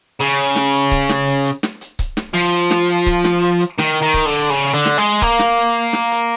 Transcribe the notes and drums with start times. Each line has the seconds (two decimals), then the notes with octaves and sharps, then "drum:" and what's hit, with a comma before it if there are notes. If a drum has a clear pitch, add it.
0.20 C#3, drum: hi-hat
0.38 drum: hi-hat
0.56 drum: snare
0.74 drum: hi-hat
0.91 drum: kick C#1, hi-hat
1.09 drum: snare
1.27 drum: hi-hat
1.45 drum: hi-hat
1.63 drum: snare
1.81 drum: hi-hat
1.99 drum: kick C#1, hi-hat
2.17 drum: snare
2.34 F3, drum: hi-hat
2.53 drum: hi-hat
2.71 drum: snare
2.88 drum: hi-hat
3.06 drum: kick C#1, hi-hat
3.24 drum: snare
3.42 drum: hi-hat
3.60 drum: hi-hat
3.78 D#3, drum: snare
4.02 D#3
4.14 drum: kick C#1, hi-hat
4.25 D3
4.50 C#3, drum: hi-hat
4.74 D3
4.86 drum: snare
4.98 G#3
5.22 A#3, drum: kick C#1, hi-hat
5.39 drum: snare
5.57 drum: hi-hat
5.93 drum: snare
6.11 drum: hi-hat